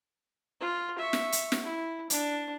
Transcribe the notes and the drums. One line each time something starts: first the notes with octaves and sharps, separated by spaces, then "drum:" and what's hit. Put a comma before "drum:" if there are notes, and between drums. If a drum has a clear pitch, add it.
F4
E5 C#6
drum: snare
drum: hi-hat
drum: snare
E4
D4, drum: hi-hat